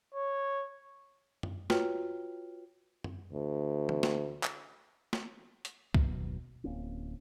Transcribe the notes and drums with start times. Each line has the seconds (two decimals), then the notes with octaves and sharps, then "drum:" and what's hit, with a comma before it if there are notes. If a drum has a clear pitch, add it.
0.15 C#5
1.43 drum: tom F#2
1.70 F4 F#4 B4 C#5 G5 F6, drum: snare
3.04 drum: tom F#2
3.32 D2
3.89 drum: tom
4.03 drum: snare
4.43 drum: clap
5.13 drum: snare
5.65 drum: hi-hat
5.94 F#1 D#2 B2 F#3, drum: kick C2
6.64 D1 A#3 C4 C#4